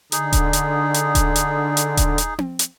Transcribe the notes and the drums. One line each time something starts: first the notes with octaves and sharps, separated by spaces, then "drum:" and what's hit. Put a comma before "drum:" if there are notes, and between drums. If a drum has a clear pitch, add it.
D3 D#4 G#4, drum: hi-hat
drum: kick D#1, hi-hat
drum: hi-hat
drum: hi-hat
drum: kick D#1, hi-hat
drum: hi-hat
drum: hi-hat
drum: kick D#1, hi-hat
drum: hi-hat
drum: tom C4
drum: hi-hat